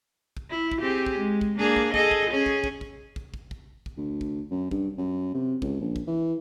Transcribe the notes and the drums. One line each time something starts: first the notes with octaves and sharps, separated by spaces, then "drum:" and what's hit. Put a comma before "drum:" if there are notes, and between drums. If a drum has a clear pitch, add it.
drum: kick
E4
drum: kick
C4 G4 G#4
drum: kick
G#3
drum: kick
A#3 D4 G#4
drum: kick
G#4 A4 D#5, drum: kick
drum: kick
C#4 G#4
drum: kick
drum: kick
drum: kick
drum: kick
drum: kick
drum: kick
drum: kick
D2
drum: kick
F#2
G2, drum: kick
F#2
C3
C#2, drum: kick
A#1
drum: kick
E3